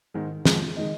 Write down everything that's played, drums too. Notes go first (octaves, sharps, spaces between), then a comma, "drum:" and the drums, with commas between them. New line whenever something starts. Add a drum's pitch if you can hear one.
G#2 D#3 G#3
F2 F3 G#3, drum: snare
D#3 G#3 D#5